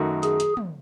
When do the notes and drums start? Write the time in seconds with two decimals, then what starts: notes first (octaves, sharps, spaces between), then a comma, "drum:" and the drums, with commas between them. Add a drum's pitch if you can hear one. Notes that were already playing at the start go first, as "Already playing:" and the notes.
Already playing: F#2 D#3 A3 D#4 F#4
0.23 G#4, drum: hi-hat
0.40 drum: hi-hat
0.57 drum: tom